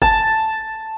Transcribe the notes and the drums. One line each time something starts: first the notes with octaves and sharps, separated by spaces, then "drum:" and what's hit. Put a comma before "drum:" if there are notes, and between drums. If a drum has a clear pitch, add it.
A5, drum: kick G1